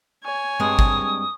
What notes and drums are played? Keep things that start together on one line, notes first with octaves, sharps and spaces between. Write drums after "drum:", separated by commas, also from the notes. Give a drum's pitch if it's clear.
C#5 G#5
G2 G#3 C4 D#6
drum: kick